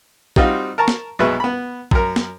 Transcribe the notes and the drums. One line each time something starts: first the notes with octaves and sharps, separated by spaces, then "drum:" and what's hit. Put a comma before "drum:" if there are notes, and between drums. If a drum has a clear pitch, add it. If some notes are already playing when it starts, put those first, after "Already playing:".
G3 C4 D#4 F4 F#4, drum: kick
A#4 A5 A#5 C#6
drum: snare
B1 B2 G#3 B4 E5 C#6
B3 B5
F#2 A#4, drum: kick
drum: snare